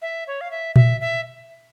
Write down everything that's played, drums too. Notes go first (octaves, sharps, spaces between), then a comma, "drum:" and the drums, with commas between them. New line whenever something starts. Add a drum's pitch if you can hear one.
E5
C#5
F5
E5
E5, drum: tom A#2
E5